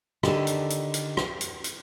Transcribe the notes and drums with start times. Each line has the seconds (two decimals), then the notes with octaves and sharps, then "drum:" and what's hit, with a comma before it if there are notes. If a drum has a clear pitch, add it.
0.23 D3 D#3 G4 A4 D5, drum: rim click
0.47 drum: hi-hat
0.70 drum: hi-hat
0.94 drum: hi-hat
1.17 drum: rim click
1.41 drum: hi-hat
1.64 drum: hi-hat